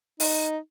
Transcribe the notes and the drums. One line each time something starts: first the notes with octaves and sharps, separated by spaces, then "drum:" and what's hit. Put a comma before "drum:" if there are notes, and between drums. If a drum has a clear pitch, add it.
D#4, drum: open hi-hat